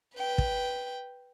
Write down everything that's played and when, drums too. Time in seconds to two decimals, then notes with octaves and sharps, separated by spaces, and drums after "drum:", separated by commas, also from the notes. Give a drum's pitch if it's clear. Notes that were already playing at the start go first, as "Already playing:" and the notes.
0.16 B4 G5
0.38 drum: kick